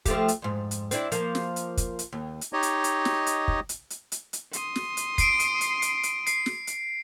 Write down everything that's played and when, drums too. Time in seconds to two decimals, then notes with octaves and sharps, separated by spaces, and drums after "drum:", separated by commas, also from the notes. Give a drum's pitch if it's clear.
0.06 F3 A3 G4, drum: kick, hi-hat
0.28 drum: hi-hat
0.42 F2 G#2
0.71 drum: hi-hat
0.91 C4 D4 E4, drum: hi-hat
1.12 F3 A#3, drum: hi-hat
1.35 drum: snare
1.56 drum: hi-hat
1.77 drum: kick, hi-hat
1.99 drum: hi-hat
2.13 D#2
2.41 drum: hi-hat
2.53 D#4 G4 C#5 D#5
2.63 drum: hi-hat
2.84 drum: hi-hat
3.05 drum: snare
3.26 drum: hi-hat
3.48 drum: kick
3.69 drum: hi-hat
3.90 drum: hi-hat
4.12 drum: hi-hat
4.33 drum: hi-hat
4.53 C6 D#6, drum: hi-hat
4.76 drum: snare
4.97 drum: hi-hat
5.18 C7 D7, drum: kick, hi-hat
5.39 drum: hi-hat
5.61 drum: hi-hat
5.82 drum: hi-hat
6.03 drum: hi-hat
6.27 C7, drum: hi-hat
6.46 drum: snare
6.67 drum: hi-hat